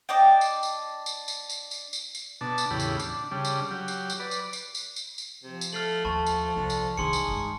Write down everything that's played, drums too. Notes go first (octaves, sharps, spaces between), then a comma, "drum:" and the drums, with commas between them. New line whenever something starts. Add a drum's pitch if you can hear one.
D4 D5 D#5 G5
drum: tambourine
drum: tambourine
drum: tambourine
drum: tambourine
drum: tambourine
drum: tambourine
drum: tambourine
drum: tambourine
B2 D4 A5
drum: tambourine
E2 A2 C#3 G4 B5
drum: tambourine
D4, drum: tambourine
C#3 G3 D4
drum: tambourine
F#3 G4
drum: tambourine
drum: tambourine
B4 D5
drum: tambourine
drum: tambourine
drum: tambourine
drum: tambourine
drum: tambourine
C3 F3
drum: tambourine
A3 F6 C7 F#7
D#2 A3 A5 B5 C#6
drum: tambourine
C2 D3
drum: tambourine
C2 D#3 D#4 G#4 C6 C#7
drum: tambourine
G2 G#3